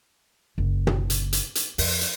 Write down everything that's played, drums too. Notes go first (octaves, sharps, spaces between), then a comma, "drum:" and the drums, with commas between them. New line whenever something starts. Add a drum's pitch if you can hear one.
F#1
drum: tom
drum: hi-hat
drum: hi-hat
drum: hi-hat
F2, drum: open hi-hat
drum: hi-hat